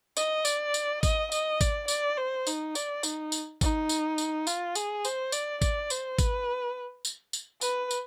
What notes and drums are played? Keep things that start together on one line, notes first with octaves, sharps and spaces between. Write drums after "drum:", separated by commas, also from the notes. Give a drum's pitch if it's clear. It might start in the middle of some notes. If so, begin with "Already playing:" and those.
D#5, drum: tambourine
D5, drum: tambourine
drum: tambourine
D#5, drum: kick G#1, tambourine
D#5, drum: tambourine
D5, drum: kick G#1, tambourine
D5, drum: tambourine
C5
D#4, drum: tambourine
D5, drum: tambourine
D#4, drum: tambourine
drum: tambourine
D#4, drum: kick G#1, tambourine
drum: tambourine
drum: tambourine
F4, drum: tambourine
G#4, drum: tambourine
C5, drum: tambourine
D5, drum: tambourine
D5, drum: kick G#1, tambourine
C5, drum: tambourine
B4, drum: kick G#1, tambourine
drum: tambourine
drum: tambourine
B4, drum: tambourine
drum: tambourine